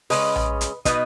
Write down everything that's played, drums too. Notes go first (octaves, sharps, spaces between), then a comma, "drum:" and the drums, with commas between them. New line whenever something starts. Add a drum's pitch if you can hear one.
C#3 G#3 C#4 B4 D#5, drum: open hi-hat
drum: tom A#1
drum: hi-hat
B2 B3 D#4 B4 D#5, drum: kick, hi-hat